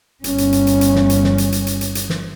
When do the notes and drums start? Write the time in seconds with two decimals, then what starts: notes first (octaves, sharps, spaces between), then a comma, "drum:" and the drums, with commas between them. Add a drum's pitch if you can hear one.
0.24 G1 C#4, drum: hi-hat
0.38 drum: hi-hat
0.52 drum: hi-hat
0.67 drum: hi-hat
0.81 drum: hi-hat
0.95 drum: snare
1.10 drum: hi-hat
1.24 drum: snare
1.38 drum: hi-hat
1.52 drum: hi-hat
1.67 drum: hi-hat
1.81 drum: hi-hat
1.95 drum: hi-hat
2.09 drum: snare